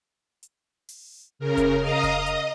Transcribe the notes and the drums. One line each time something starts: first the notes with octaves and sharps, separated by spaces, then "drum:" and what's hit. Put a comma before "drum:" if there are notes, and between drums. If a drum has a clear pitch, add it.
drum: hi-hat
drum: open hi-hat
C#3 A#4
drum: kick F1, hi-hat
D#5 F5 A#5 D#6
drum: kick F1, hi-hat
D#5
drum: hi-hat